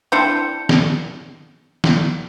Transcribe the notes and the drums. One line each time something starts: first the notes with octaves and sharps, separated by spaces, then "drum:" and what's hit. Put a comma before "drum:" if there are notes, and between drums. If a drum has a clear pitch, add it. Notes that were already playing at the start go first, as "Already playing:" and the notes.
C4 D4 E4 G6 C#7
drum: snare
drum: snare